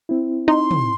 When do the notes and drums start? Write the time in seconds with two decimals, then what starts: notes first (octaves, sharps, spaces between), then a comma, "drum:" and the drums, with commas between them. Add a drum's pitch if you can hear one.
0.09 C4 E4
0.48 D#4 C6
0.71 drum: tom